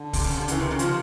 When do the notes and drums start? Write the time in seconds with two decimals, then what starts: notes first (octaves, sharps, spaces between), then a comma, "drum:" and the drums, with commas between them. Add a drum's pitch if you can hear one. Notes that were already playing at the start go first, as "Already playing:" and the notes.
Already playing: D3
0.13 C3, drum: kick C#2, open hi-hat
0.25 C#3
0.36 C3
0.48 C#3 E3, drum: hi-hat
0.59 C3 D#3
0.71 C#3
0.79 C3 F3, drum: hi-hat